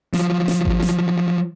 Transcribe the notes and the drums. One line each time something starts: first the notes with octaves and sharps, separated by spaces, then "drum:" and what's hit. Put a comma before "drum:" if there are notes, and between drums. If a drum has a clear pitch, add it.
F3 F#3, drum: snare
drum: snare
drum: kick G#1
drum: snare